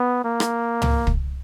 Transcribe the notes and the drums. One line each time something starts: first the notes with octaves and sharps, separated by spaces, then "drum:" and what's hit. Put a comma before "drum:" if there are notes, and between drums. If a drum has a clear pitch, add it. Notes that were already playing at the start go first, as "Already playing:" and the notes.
Already playing: B3
A#3
drum: rim click
drum: tom
drum: kick